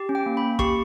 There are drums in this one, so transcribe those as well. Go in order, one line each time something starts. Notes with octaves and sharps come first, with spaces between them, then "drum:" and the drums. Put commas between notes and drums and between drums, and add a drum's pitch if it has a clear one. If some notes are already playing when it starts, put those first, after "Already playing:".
Already playing: G4
C#4
G5
A#3
B5
A#3
G4 C#6, drum: kick